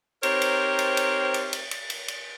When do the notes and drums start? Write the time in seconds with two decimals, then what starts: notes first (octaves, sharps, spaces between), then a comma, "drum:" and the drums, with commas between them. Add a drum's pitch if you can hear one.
0.23 C4 D#4 G4 A#4 C5 C#5, drum: cymbal
0.42 drum: cymbal
0.79 drum: cymbal
0.97 drum: cymbal
1.34 drum: cymbal
1.53 drum: cymbal
1.71 drum: cymbal
1.90 drum: cymbal
2.08 drum: cymbal